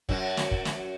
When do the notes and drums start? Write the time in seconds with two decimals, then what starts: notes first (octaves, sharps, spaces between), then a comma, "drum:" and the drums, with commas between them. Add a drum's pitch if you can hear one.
0.09 F#2 F#3, drum: kick
0.37 drum: snare
0.51 drum: kick
0.65 drum: snare